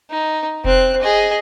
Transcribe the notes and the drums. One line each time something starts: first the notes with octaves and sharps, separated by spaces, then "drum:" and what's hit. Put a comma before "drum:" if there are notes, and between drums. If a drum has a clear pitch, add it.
D#4
C4 F#6, drum: kick F1
G#4 D#5